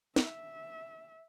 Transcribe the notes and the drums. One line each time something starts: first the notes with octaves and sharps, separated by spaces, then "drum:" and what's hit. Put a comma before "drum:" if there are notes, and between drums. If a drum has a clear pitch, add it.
E5, drum: snare